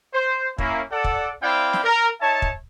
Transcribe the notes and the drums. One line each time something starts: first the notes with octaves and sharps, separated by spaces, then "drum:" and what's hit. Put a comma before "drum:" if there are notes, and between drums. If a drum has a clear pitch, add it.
C5
A#3 C#4 E4, drum: kick
A4 D5 F#5
drum: kick
C4 E4 D5 F5 G5 B5
drum: snare
A#4
D#4 C#5 E5 A5
drum: kick